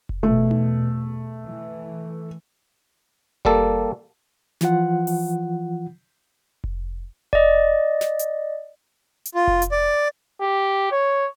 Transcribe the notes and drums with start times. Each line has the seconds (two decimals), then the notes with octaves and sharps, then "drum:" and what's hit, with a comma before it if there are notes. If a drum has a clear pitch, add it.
0.09 drum: kick F1
0.23 E2 B2 A3
0.51 drum: tom D#4
1.45 E3
3.45 G3 A#3 A4, drum: kick F1
4.61 E3 F3 F4 F#5, drum: snare
5.07 drum: open hi-hat
6.64 drum: kick F1
7.33 D5 D#5, drum: kick F1
8.01 drum: snare
8.19 drum: hi-hat
9.25 drum: hi-hat
9.35 F4
9.47 drum: kick F1
9.62 drum: hi-hat
9.72 D5
10.42 G4
10.92 C#5